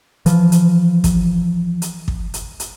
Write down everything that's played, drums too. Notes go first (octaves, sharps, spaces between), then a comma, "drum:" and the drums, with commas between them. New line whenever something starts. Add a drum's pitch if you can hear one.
E3 F3, drum: hi-hat
drum: hi-hat
drum: kick, hi-hat
drum: hi-hat
drum: kick
drum: hi-hat
drum: hi-hat